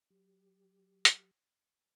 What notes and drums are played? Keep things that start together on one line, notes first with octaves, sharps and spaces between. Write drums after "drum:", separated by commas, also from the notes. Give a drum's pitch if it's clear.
F#3 G4
drum: hi-hat